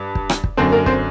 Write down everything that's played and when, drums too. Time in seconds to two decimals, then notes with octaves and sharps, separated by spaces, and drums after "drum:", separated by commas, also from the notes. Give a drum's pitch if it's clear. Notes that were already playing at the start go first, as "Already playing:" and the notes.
Already playing: G2
0.15 drum: kick
0.29 drum: rim click
0.44 drum: kick
0.57 F#2 D3 C4 C5
0.71 A#3 A#4
0.86 C4 C5, drum: kick